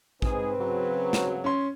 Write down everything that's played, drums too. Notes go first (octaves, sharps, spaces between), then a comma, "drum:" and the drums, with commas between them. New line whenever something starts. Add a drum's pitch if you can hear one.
G#2 C4 G#4 B4, drum: kick
C#3 F#3
drum: snare
C#4 C6